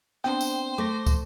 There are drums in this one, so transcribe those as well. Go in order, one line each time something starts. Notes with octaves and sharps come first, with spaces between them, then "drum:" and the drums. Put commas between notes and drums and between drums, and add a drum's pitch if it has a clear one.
B3 C4 D4 C5 G5
drum: tambourine
A3 D6 A#6
drum: kick, tambourine